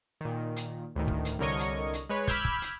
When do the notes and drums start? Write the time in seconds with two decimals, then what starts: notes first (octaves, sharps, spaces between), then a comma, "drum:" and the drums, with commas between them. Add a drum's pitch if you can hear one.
0.21 A#2 D#3
0.56 drum: hi-hat
0.96 D2 A2 D#3
1.08 drum: kick
1.25 drum: hi-hat
1.39 C2 D3 A#4 C#5 D#5 C#6
1.59 drum: hi-hat
1.93 drum: hi-hat
2.09 G#3 B4 C#5
2.28 B5 D6 E6 F6 G6 G#6, drum: kick, hi-hat
2.45 drum: kick
2.62 drum: hi-hat